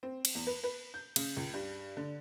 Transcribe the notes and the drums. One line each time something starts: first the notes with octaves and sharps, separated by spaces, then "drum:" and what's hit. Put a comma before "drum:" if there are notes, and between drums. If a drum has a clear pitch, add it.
C4
drum: cymbal
E2
B4
B4
G6
C#3, drum: cymbal
C#2
G2
D3